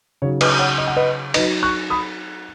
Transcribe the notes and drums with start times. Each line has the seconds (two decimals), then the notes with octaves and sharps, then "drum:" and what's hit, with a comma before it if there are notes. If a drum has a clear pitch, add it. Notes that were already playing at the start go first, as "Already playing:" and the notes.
0.22 C#3 F#3 D#4 C#5
0.41 B4 D#5, drum: cymbal
0.59 C#5 F#5
0.78 D#5
0.87 F#5
0.96 B4 D#5
1.34 F#3 D#4 B4 D#5, drum: cymbal
1.63 C#6 F#6
1.90 B5 D#6